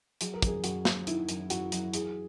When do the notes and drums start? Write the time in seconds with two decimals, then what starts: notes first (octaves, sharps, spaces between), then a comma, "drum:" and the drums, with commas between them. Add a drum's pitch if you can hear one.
0.21 F#3 G#4, drum: hi-hat
0.34 A#4
0.42 F#2 G#4, drum: kick, hi-hat
0.64 F#2 F#4, drum: hi-hat
0.85 F#2, drum: snare
1.07 D#3 E4, drum: hi-hat
1.29 F#2, drum: hi-hat
1.50 F#2 F#4, drum: hi-hat
1.72 F#3, drum: hi-hat
1.94 E3 G#4, drum: hi-hat